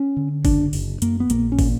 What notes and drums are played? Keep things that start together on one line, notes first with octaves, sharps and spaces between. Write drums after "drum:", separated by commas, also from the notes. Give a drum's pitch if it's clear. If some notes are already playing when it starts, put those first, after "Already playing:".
Already playing: C#4
D3
F#1 D4, drum: kick, open hi-hat
F#1, drum: open hi-hat
F#2 A#3, drum: hi-hat
B3
A#1 A#3, drum: hi-hat
C#4
A#2, drum: kick, open hi-hat